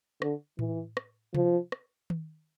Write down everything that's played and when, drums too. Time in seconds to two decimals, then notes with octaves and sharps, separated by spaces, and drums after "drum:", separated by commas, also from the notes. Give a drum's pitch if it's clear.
0.22 D3, drum: rim click
0.59 E3, drum: tom A2
0.97 drum: rim click
1.34 F3, drum: tom C3
1.72 drum: rim click
2.10 drum: tom D#3